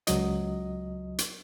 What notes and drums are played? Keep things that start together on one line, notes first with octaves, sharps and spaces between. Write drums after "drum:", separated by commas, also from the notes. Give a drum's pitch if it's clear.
C#2 F#3 D#5, drum: hi-hat
drum: hi-hat